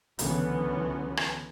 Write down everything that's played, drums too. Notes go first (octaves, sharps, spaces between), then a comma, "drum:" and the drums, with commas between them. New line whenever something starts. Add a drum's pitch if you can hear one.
C#2 D3 E3 F#3 B3 C#4, drum: hi-hat
drum: rim click